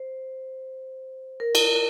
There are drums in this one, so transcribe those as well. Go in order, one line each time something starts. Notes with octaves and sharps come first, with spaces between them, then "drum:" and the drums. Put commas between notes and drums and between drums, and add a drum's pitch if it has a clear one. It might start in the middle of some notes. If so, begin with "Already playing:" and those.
Already playing: C5
A#4
drum: cymbal